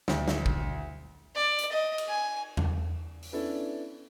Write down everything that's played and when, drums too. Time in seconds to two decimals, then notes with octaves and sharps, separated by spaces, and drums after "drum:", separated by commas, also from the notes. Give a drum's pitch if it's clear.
0.08 D2, drum: snare
0.28 drum: snare
0.46 drum: kick G#1
1.35 D5
1.58 drum: hi-hat
1.72 D#5
1.98 drum: cymbal
2.08 G#5
2.57 drum: tom E2
3.22 drum: open hi-hat
3.32 B3 C#4 D4 E4 A4